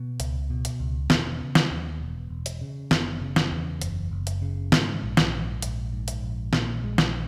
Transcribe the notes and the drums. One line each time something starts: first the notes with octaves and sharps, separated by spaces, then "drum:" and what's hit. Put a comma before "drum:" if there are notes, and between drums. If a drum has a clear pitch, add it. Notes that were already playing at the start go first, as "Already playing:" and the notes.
Already playing: B2 B3
C#2, drum: hi-hat
B2
drum: hi-hat
C#2
E1 B3, drum: snare
C#3
drum: snare
D#2
E1
E1
drum: hi-hat
C#3
F#1 B3, drum: snare
C#3
drum: snare
E2
F#1, drum: hi-hat
F#1
drum: hi-hat
C#3
G#2, drum: snare
A#1
drum: snare
G#2
A#1, drum: hi-hat
G#2
drum: hi-hat
A#1
A#2 A#3, drum: snare
A#1 G#3
drum: snare